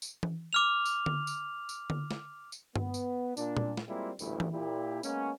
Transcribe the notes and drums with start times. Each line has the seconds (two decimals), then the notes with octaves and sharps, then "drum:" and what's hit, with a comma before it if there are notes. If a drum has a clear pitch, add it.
0.02 drum: tambourine
0.23 drum: tom E3
0.53 D6 F6 F7
0.85 drum: tambourine
1.06 drum: tom D3
1.27 drum: tambourine
1.69 drum: tambourine
1.90 drum: tom D3
2.11 drum: snare
2.52 drum: tambourine
2.76 B3, drum: tom G2
2.94 drum: tambourine
3.37 A#2 D4, drum: tambourine
3.57 drum: tom A#2
3.77 drum: snare
3.88 G3 G#3 A#3 C4 E4 F4
4.19 A1 D2 G2 A#2 G3 E4, drum: tambourine
4.40 drum: tom E3
4.52 A#2 E4 G4
5.03 G#3 A#3 B3 C#4, drum: tambourine